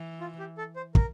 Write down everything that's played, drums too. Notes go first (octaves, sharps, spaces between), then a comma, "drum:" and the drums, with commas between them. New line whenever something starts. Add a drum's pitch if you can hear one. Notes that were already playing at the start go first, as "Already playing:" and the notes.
Already playing: E3
F4
G4
A4
C5
A#4, drum: kick